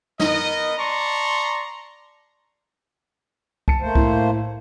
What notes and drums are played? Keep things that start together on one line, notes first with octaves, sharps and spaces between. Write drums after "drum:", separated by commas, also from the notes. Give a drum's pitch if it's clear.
B3 A#4 D#5, drum: snare
D5 A5 A#5 C6 C#6
A5 C#7, drum: kick C2
A3 A#3 C5
A2, drum: kick C2